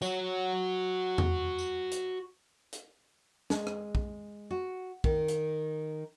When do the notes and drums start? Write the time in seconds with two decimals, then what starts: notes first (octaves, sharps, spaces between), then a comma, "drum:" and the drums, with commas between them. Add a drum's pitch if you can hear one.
0.02 F#4 C#5, drum: tambourine
1.18 drum: tom E2
1.58 drum: tambourine
1.92 drum: hi-hat
2.73 drum: hi-hat
3.50 G#3, drum: snare
3.67 drum: rim click
3.95 drum: kick
4.51 F#4
5.04 D#3, drum: kick
5.28 drum: hi-hat